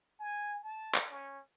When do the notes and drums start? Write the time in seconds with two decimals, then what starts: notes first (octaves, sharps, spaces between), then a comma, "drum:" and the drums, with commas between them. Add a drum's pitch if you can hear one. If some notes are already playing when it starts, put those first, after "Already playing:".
0.19 G#5
0.63 A5
0.95 drum: clap
1.11 C#4